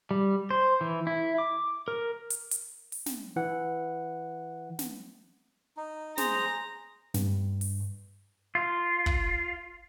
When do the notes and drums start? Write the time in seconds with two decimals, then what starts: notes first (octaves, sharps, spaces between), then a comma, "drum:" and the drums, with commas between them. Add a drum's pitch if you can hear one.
0.11 G3
0.51 C5
0.81 E3
1.07 E4
1.38 D6
1.88 A#4
2.30 drum: hi-hat
2.51 drum: hi-hat
2.92 drum: open hi-hat
3.06 drum: snare
3.36 E3 F#5
4.79 drum: snare
5.77 D#4
6.18 G#4 C5 A#5, drum: snare
7.14 G2, drum: snare
7.61 drum: open hi-hat
8.55 F4
9.06 drum: kick